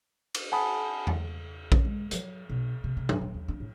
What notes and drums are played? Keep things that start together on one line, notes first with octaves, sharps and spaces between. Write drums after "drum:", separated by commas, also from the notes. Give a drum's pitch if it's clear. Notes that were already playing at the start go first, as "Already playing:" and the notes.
drum: cymbal
F#5 G#5 A5 B5 D#6
drum: tom E2
C#4, drum: kick A#1
G#3
F#3, drum: hi-hat
B1
C3
C3
G#1, drum: tom F#3
D#1
D#2
D4
A2